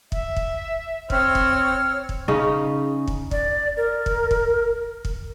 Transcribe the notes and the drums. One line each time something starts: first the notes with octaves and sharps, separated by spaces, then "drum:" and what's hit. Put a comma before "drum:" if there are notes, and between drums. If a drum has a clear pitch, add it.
E5, drum: kick
drum: kick
C4 C#5 E6 F6, drum: kick
drum: kick
drum: kick
C#3 C#4 D#4 D#5
drum: kick
D5, drum: kick
A#4
drum: kick
drum: kick
drum: kick